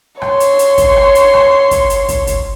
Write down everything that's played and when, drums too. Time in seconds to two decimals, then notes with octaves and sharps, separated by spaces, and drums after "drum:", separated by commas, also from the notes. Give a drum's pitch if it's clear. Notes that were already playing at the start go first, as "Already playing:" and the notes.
0.22 C#5 C6, drum: rim click
0.40 drum: hi-hat
0.59 drum: hi-hat
0.78 drum: kick, hi-hat
0.96 drum: rim click
1.15 drum: hi-hat
1.34 drum: rim click
1.71 drum: kick, hi-hat
1.90 drum: hi-hat
2.09 drum: kick, hi-hat
2.27 drum: kick, hi-hat